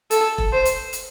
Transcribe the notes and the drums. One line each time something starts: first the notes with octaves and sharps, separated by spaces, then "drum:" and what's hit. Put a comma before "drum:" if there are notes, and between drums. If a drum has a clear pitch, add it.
A4, drum: hi-hat
drum: kick E1
C5
drum: hi-hat
drum: hi-hat